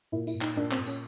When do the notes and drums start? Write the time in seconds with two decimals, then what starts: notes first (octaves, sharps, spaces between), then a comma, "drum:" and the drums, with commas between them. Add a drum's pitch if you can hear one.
0.12 A#2 E4
0.27 E4, drum: tambourine
0.34 A#2
0.41 D#4, drum: clap
0.56 A#2 D4
0.71 C4, drum: clap
0.78 A#2
0.87 C#4, drum: tambourine